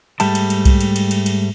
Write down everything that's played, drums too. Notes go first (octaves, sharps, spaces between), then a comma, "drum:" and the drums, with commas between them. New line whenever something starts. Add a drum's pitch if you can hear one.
G#2 G3 A3 A5, drum: cymbal
drum: cymbal
drum: cymbal
drum: kick B1, cymbal
drum: cymbal
drum: cymbal
drum: cymbal
drum: cymbal